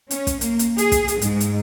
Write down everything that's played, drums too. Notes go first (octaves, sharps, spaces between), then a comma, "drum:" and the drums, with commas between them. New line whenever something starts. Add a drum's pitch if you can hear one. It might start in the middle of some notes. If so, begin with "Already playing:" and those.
C#4, drum: hi-hat
drum: kick, hi-hat
A#3, drum: hi-hat
drum: hi-hat
G#4, drum: hi-hat
drum: kick, hi-hat
drum: hi-hat
G#2, drum: hi-hat
drum: hi-hat